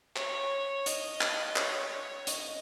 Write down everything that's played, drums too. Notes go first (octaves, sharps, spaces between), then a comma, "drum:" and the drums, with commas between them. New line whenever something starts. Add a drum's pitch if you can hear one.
C#5, drum: clap
D#5, drum: hi-hat
drum: clap
C#5, drum: clap
D#5, drum: hi-hat